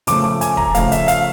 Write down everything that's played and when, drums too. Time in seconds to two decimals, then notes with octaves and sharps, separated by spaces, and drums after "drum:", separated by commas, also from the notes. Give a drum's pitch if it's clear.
0.07 C#3 F3 A3 D6, drum: hi-hat
0.24 D6
0.41 G#5, drum: hi-hat
0.57 A#5, drum: kick
0.75 C#3 F3 A3 F5, drum: hi-hat
0.92 E5, drum: hi-hat
1.08 F5, drum: hi-hat